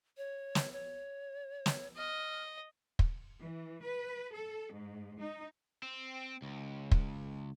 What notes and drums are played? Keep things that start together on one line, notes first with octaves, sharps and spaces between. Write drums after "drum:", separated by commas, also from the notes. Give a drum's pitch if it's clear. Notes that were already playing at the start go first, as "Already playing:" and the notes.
C#5
drum: snare
C#5
drum: snare
D#5 F6
drum: kick
E3
B4
A4
G#2
D#4
C4
C#2
drum: kick